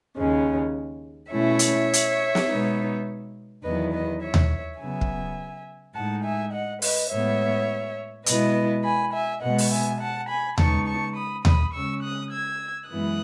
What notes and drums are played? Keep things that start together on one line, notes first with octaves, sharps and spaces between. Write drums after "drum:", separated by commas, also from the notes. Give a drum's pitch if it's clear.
D#2 C#3 G#3 C#4
B2 A3 C#4 E4 C#5 E5
drum: hi-hat
drum: hi-hat
drum: snare
B2 G#3 B3 D#4
E2 D#3 F#3 B3 E4 B4 D#5
B4 D#5
C#5 E5
drum: tom D#2
C#3 F#3 B3 E5 G#5
drum: kick
A2 G#3 D#4 F#5 A5
E5 G#5
D#5 F#5
B4 D#5, drum: open hi-hat
A2 G#3 B3 C#5 E5
B2 G#3 B3 E4 B4 D#5, drum: hi-hat
G#5 B5
E5 G#5
B2 G#3 B3 D#5 F#5
drum: open hi-hat
E5 G#5
F#5 A5
G#5 B5
C#3 G#3 B3 D#4 A5 C#6, drum: tom D#2
A5 C#6
B5 D#6
B5 D#6, drum: tom D#2
C#3 G#3 C#4 C#6 E6
D#6 F#6
E6 G#6
F#2 E3 G#3 B3 E4 D#6 F#6